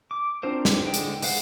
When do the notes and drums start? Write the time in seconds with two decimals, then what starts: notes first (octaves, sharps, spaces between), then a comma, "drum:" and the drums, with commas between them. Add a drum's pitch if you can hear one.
0.11 D6
0.43 C4 D4 F4 A#4 C5
0.65 drum: snare
0.84 D3 G#3 G5
0.94 drum: hi-hat
1.22 G#3 B4 F5 F#5, drum: open hi-hat